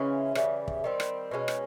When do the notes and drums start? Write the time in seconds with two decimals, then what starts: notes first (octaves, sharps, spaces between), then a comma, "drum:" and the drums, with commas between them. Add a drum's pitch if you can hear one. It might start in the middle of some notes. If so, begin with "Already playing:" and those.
Already playing: C#3 E3 G#3 C#4
0.35 C#3 E3 G3, drum: rim click
0.68 drum: kick
0.84 D#3 G3 C4
1.00 drum: rim click
1.31 B2 G#3 C#4
1.48 drum: rim click